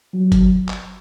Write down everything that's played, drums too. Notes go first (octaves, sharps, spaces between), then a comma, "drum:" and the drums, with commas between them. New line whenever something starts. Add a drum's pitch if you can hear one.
F#3
drum: kick G1, hi-hat
drum: clap